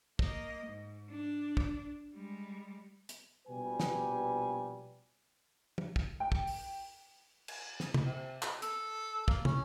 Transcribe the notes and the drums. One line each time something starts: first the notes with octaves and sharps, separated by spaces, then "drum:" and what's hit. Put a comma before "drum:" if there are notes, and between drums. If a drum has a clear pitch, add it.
A#3 D#5, drum: kick
G#2
D4
drum: kick
G3 G#3
drum: hi-hat
A#1 B2 G3 G4 B4 G#5
drum: snare
drum: tom
drum: kick
G5
drum: kick
drum: open hi-hat
drum: cymbal
drum: snare
drum: tom
C3
drum: clap
A4, drum: hi-hat
A#3, drum: kick
C#4, drum: tom